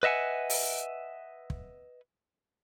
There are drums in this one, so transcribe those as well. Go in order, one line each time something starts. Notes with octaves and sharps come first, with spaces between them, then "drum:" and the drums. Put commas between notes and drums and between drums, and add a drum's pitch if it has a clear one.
B4 D#5 E5 F#5 G#5
drum: open hi-hat
drum: kick